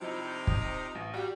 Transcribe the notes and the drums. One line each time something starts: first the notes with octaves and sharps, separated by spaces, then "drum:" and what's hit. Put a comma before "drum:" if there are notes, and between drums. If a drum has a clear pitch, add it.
C3 F3 G3 D#4 E4
D#5, drum: kick
A1
G3 F#4 G4